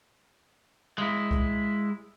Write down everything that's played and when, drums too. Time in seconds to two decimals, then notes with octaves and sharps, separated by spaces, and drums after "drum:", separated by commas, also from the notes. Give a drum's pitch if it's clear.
0.98 G#3 E4
1.31 drum: kick C2